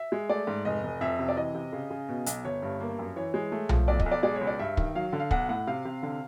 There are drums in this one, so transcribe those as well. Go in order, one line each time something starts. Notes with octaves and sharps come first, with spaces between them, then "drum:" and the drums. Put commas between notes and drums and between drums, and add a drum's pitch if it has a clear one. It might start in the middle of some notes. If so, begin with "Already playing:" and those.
Already playing: E5
G#3
A3 D5
G#2
F1 D#5
F1
F2 E5
C3
D5
E3 D#5
C3
C#3
C#3
B2
B1, drum: hi-hat
G1 C#5
G2
A#3
F#2
E3 C#5
G#3
A3
F3, drum: tom B1
B1 D5
D#5, drum: kick
B1
D5
G#3 D5
C#5
C#2
D5
G2 E5
D#3, drum: kick
F#3 F5
D3
F5
B1 F#5, drum: kick
A2 F#5
C3 F5
C3
D3